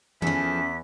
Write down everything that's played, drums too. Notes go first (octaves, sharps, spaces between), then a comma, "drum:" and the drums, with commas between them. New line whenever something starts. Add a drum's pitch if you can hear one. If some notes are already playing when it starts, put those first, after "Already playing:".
E2 E3 F3 C#4 A4 B6, drum: tom D#3